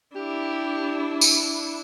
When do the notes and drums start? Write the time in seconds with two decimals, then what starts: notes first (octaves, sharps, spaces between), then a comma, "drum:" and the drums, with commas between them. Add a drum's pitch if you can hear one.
0.16 D4 E4 G4
1.21 drum: tambourine